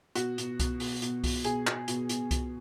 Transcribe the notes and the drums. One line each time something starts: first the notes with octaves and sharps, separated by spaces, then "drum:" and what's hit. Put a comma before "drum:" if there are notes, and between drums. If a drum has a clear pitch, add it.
B2 F#4, drum: hi-hat
B2, drum: hi-hat
B2, drum: kick C2, hi-hat
B2, drum: open hi-hat
B2, drum: hi-hat
B2, drum: kick C2, open hi-hat
B2 G#4, drum: hi-hat
B2, drum: clap
B2, drum: hi-hat
B2, drum: hi-hat
B2, drum: kick C2, hi-hat